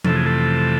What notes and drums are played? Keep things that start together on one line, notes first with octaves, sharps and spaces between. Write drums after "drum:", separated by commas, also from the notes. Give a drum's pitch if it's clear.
F2 C3 E3 A3 A4, drum: tom F3
G#4
A4